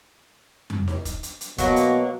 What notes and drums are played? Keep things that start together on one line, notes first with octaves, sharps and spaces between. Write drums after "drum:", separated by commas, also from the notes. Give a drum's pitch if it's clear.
drum: tom F2
drum: snare D#4
drum: kick F1, hi-hat
drum: hi-hat
drum: hi-hat
B2 F#3 A#3, drum: kick F1, hi-hat
drum: hi-hat